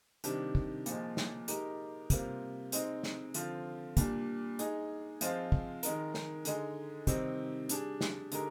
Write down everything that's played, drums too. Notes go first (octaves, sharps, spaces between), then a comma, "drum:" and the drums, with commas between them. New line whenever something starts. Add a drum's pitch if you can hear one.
C3 D#3 G3 D4 G4, drum: hi-hat
drum: kick
A#2 F3 G#3, drum: hi-hat
drum: snare
G#3 D#4 G4 A#4, drum: hi-hat
C3 G3 A#3 F4, drum: kick, hi-hat
G#3 C4 D#4, drum: hi-hat
drum: snare
D3 F3 C4 F4, drum: hi-hat
A#2 G3 D4, drum: kick, hi-hat
G#3 D#4 G#4, drum: hi-hat
F3 G#3 C4 F4, drum: hi-hat
drum: kick
D#3 G#3 D#4 A#4, drum: hi-hat
drum: snare
D3 G#3 D#4 G#4, drum: hi-hat
C3 D#3 G3 C4 D#4, drum: kick, hi-hat
G3 D4 G#4, drum: hi-hat
drum: snare
D3 G#3 D#4 G4 A#4, drum: hi-hat